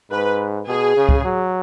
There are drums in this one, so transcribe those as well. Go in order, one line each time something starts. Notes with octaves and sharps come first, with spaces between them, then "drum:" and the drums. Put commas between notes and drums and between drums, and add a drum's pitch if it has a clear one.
G#2 B4
B2 G#4
C#3
drum: kick
F#3